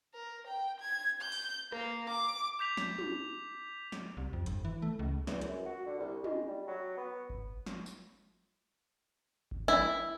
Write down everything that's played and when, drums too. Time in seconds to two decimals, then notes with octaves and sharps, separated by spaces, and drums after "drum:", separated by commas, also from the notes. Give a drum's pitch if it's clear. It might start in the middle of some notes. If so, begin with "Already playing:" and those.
0.14 A#4
0.47 G5
0.80 G#6
1.21 G6
1.32 drum: open hi-hat
1.72 A#3, drum: rim click
2.09 D6
2.59 D6 G6 B6 F7
2.77 drum: snare
2.99 drum: tom
3.92 drum: snare
4.17 C2
4.33 F2
4.46 G1, drum: hi-hat
4.65 E3
4.82 A3
4.99 C#2
5.27 E2, drum: snare
5.42 F#2, drum: hi-hat
5.66 F#4
5.86 D3
5.99 C2
6.24 G#3, drum: tom
6.47 G3
6.67 F#3
6.97 B3
7.30 drum: kick G1
7.66 drum: snare
7.86 drum: tambourine
9.51 drum: kick G1
9.68 E4, drum: snare